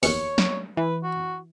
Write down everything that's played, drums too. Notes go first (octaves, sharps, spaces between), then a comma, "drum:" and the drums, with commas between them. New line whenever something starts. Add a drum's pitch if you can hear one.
D#2 B2 C#5 C#7, drum: open hi-hat
drum: snare
E3 B4
F#4